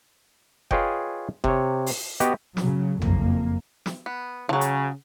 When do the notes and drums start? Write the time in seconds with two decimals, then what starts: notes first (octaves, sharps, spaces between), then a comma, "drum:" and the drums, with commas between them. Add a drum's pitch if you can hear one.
0.71 F4 G#4 B4 C#5 D#5 G5, drum: kick F#1
1.44 C3 C#5, drum: kick F#1
1.86 drum: open hi-hat
2.20 B3 F#4 G4 D#5, drum: hi-hat
2.57 C#3 F#3, drum: snare
3.02 F#1 F2 A#3, drum: tom A#1
3.86 drum: snare
4.06 B3
4.49 C#3 F3 F#3
4.61 drum: hi-hat